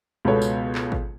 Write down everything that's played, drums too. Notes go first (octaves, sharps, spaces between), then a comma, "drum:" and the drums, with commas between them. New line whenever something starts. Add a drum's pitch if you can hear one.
C#2 B2 B3 A4 C#5
drum: tambourine
drum: clap
drum: kick G#1